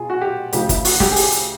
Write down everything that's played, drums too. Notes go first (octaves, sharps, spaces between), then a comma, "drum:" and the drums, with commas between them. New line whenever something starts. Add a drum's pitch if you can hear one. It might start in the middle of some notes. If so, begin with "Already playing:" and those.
Already playing: B2 F4 G#4
F#4
G4
D2 C#3 F3 G4, drum: hi-hat
E4, drum: kick G1, hi-hat
F#4, drum: open hi-hat
G4, drum: snare
G#4
G4, drum: open hi-hat
drum: hi-hat